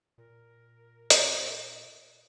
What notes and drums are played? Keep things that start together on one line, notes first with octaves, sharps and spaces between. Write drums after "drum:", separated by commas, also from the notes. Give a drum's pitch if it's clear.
A#2 A#4
drum: hi-hat